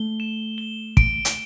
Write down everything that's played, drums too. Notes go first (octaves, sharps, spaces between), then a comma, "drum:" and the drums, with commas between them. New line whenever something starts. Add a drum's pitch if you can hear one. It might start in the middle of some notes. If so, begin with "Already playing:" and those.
Already playing: A3 G7
E7
G7
D7, drum: kick
drum: hi-hat